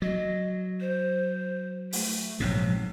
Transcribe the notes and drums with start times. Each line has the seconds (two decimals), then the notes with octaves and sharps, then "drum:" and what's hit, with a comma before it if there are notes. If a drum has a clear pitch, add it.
0.02 F#3 D#5
0.81 C5
1.93 A3, drum: open hi-hat
2.40 A#1 G#2 C3 F#3